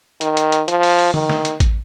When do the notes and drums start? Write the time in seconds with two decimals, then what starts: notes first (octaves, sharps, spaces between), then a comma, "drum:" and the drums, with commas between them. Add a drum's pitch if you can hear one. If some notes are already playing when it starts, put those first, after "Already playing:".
0.21 D#3, drum: hi-hat
0.37 drum: hi-hat
0.52 drum: hi-hat
0.68 F3, drum: hi-hat
0.83 drum: open hi-hat
0.99 drum: open hi-hat
1.14 D#3, drum: tom D3
1.29 drum: snare
1.45 drum: hi-hat
1.60 drum: kick A1, hi-hat